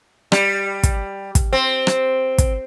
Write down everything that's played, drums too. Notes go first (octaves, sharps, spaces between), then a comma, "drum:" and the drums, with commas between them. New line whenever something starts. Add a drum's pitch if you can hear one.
G3, drum: rim click
drum: kick, hi-hat
drum: kick, hi-hat
C4
drum: rim click
drum: kick, hi-hat